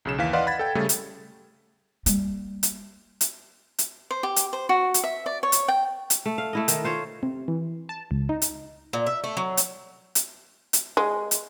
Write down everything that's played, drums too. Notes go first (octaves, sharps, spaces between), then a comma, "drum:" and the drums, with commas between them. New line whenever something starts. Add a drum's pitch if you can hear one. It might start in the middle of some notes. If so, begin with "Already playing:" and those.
B1 C#3 E7
D#2 E3 F5 B6
B4 D5 D#5 F5 F#5 C6
F#5 B5 G#6 A6
A4 G5
C#3 G3 A3
drum: hi-hat
G3 A#3, drum: hi-hat
drum: hi-hat
drum: hi-hat
drum: hi-hat
C5
G4
drum: hi-hat
C5
F#4
drum: hi-hat
E5
D5
C#5
drum: hi-hat
G5
drum: hi-hat
A3
F5
A3 E4 D#5
D#3, drum: hi-hat
F4 C5 C#5
C3
E3
A5
C#2
D#4
drum: hi-hat
A#2
E5
A3
F#3
drum: hi-hat
drum: hi-hat
drum: hi-hat
G#3
drum: hi-hat